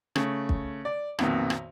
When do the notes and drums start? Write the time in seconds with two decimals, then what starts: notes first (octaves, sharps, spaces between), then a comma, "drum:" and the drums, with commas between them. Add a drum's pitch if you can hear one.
0.15 C#3 A3, drum: rim click
0.49 drum: kick
0.85 D5
1.19 B1 F2 A#2 D#3, drum: rim click
1.50 drum: rim click